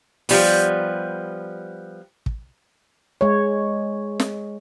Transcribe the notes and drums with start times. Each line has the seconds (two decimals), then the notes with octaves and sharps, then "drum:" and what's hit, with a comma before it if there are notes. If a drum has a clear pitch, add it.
0.29 F3 G3 B3, drum: open hi-hat
2.26 drum: kick
3.21 G#3 C#5
4.20 drum: snare